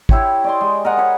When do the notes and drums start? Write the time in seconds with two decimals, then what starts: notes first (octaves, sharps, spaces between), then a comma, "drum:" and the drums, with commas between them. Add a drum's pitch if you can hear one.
0.09 E4 G4 C#5, drum: kick
0.44 D5 D#5 C6
0.61 G#3
0.85 A#4 D#5 F#5 G#5
0.97 B4 C#5 B5